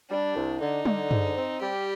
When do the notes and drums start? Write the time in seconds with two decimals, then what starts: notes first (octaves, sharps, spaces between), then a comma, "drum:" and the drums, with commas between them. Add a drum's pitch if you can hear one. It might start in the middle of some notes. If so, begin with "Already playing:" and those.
0.10 G3 D4
0.36 C2
0.60 D3 D#4
0.85 D3, drum: tom
1.11 G#2, drum: tom
1.37 C4
1.61 G3 G4